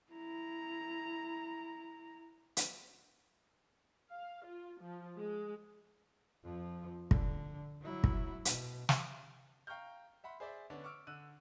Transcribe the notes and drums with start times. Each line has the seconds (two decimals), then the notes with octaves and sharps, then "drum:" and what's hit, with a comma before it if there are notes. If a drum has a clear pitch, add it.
0.11 E4 A#5
2.57 drum: hi-hat
4.11 F5
4.45 F4
4.81 F3
5.18 G#3
6.43 F2 F3
7.11 D3, drum: kick
7.82 F#3 E4
8.04 drum: kick
8.45 B2, drum: hi-hat
8.89 drum: snare
9.67 F5 G5 A#5 C#6 F6 G6
10.24 E5 F#5 B5 C6
10.40 G#4 C5 D5 E5
10.70 D3 B3 C#4 D4
10.84 C#6 D6 E6 F6 D7
11.07 D3 E6 F#6 D#7